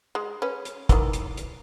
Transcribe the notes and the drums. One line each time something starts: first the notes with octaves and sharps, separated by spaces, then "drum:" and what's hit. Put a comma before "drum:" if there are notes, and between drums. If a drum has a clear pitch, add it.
G#3
C#4 B4
drum: hi-hat
D#3 E3, drum: kick, hi-hat
drum: hi-hat
drum: hi-hat